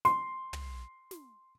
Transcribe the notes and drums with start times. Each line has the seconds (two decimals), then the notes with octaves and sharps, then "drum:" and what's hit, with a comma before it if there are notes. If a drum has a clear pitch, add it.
0.05 C6, drum: snare
0.53 drum: tom
1.11 drum: snare